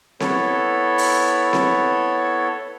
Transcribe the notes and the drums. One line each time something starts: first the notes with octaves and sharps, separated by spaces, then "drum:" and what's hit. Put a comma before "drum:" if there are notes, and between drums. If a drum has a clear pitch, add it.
B3 E4 A4 C#5, drum: snare C4
drum: open hi-hat
drum: snare C4